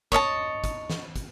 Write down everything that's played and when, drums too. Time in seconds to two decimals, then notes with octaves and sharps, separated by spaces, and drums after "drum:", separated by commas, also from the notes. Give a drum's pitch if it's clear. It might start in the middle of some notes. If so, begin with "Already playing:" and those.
0.12 C#5 D#5 E5 A5, drum: kick
0.64 drum: kick, hi-hat
0.90 drum: snare
1.16 drum: kick, hi-hat